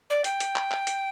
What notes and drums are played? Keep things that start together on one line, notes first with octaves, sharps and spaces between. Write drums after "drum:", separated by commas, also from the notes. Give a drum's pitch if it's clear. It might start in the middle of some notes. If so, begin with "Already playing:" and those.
D5
G5, drum: hi-hat
drum: hi-hat
drum: clap
drum: clap
drum: hi-hat